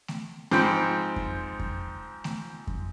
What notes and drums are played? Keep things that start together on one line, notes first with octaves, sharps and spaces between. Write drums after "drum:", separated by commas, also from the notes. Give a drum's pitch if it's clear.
drum: snare A3
G#2 F3 C4 G5 B5, drum: snare A3
drum: kick F2
drum: kick F2
drum: snare A3
drum: kick F2